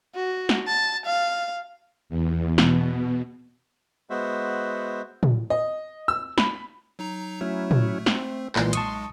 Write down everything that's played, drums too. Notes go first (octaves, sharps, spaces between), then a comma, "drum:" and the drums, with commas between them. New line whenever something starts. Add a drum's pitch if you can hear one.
F#4
drum: snare
A5
F5
E2
B2, drum: snare
G#3 B3 F#4 C5 E5
drum: tom
D#5
E6
B5, drum: snare
F#3 D#4 A#5
F#3 A3 C#4 E4
drum: tom
C4, drum: snare
B1 A#2 E3 G#3 C6, drum: clap
A5 C#6 D#6, drum: hi-hat